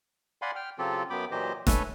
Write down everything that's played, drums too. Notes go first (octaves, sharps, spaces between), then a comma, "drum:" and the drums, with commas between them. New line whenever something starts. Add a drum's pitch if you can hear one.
D5 F5 F#5 G#5 B5 C6
G5 F6
C#3 F#3 C4 F4 G4 A4
F#2 F#3 B3 G5 B5 D6
A#2 E3 F#3 G4 C5 D#5
A4 B4 C#5 E5 G#5, drum: snare E1